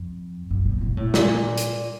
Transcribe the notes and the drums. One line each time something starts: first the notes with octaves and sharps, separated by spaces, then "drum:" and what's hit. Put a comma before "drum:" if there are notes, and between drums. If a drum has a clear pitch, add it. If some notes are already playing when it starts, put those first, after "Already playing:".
Already playing: F2
F#2
A#2
A#2
A2
A#2, drum: snare
drum: hi-hat